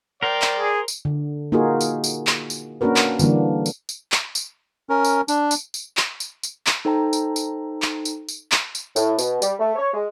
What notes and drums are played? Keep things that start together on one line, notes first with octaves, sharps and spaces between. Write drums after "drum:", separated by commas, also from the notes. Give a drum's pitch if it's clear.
A#4 C5 D5 G5
drum: clap
G#4
drum: tambourine
D3
A#3 D#4 F4 F#4 G#4 A#4
drum: tambourine
drum: tambourine
drum: clap
drum: tambourine
A#3 C#4 D4 F#4 A#4 B4
drum: clap
D3 E3 G3 A#3 D4, drum: tambourine
drum: tambourine
drum: tambourine
drum: clap
drum: tambourine
C#4 A#4
drum: tambourine
D4, drum: tambourine
drum: tambourine
drum: tambourine
drum: clap
drum: tambourine
drum: tambourine
drum: clap
D#4 A4 C5 G5 A5 A#5
drum: tambourine
drum: tambourine
drum: clap
drum: tambourine
drum: tambourine
drum: clap
drum: tambourine
A2, drum: tambourine
B2, drum: tambourine
G3, drum: tambourine
A3
C#5
G#3